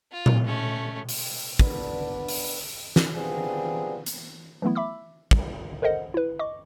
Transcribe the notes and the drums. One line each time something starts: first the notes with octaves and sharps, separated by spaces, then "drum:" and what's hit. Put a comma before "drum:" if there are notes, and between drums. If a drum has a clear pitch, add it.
F4
drum: tom A#2
A3 C#4
drum: open hi-hat
B3 D4 B4, drum: kick
drum: open hi-hat
drum: snare
G3 B3 C4 D4 F4 G#4
drum: hi-hat
E3 F#3 A3 B3 E4
E5 B5 D6 E6
C2, drum: kick
A4 A#4 C5 D#5 F#5
E4 B4
D#5 C#6 D6